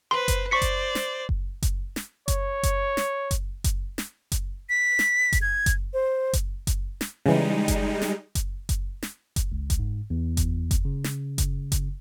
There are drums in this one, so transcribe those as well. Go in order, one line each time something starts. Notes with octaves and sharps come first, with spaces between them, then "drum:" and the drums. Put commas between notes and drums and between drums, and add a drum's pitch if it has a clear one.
B4 C5 C6
drum: kick F#1, hi-hat
C5 D5 C#6 B6 C#7
drum: kick F#1, hi-hat
drum: snare
drum: kick F#1
drum: kick F#1, hi-hat
drum: snare
C#5, drum: kick F#1, hi-hat
drum: kick F#1, hi-hat
drum: snare
drum: kick F#1, hi-hat
drum: kick F#1, hi-hat
drum: snare
drum: kick F#1, hi-hat
B6
drum: snare
drum: kick F#1, hi-hat
G#6
drum: kick F#1, hi-hat
C5
drum: kick F#1, hi-hat
drum: kick F#1, hi-hat
drum: snare
C#3 E3 G3 G#3 D#4
drum: kick F#1, hi-hat
drum: snare
drum: kick F#1, hi-hat
drum: kick F#1, hi-hat
drum: snare
drum: kick F#1, hi-hat
C#2
drum: kick F#1, hi-hat
G#2
E2
drum: kick F#1, hi-hat
drum: kick F#1, hi-hat
C#3
drum: snare
drum: kick F#1, hi-hat
drum: kick F#1, hi-hat